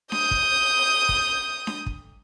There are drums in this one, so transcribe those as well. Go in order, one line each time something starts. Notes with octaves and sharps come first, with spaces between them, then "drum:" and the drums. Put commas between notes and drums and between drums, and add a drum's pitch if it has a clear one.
D#6 G6, drum: snare D4
drum: kick
drum: kick
drum: snare D4
drum: kick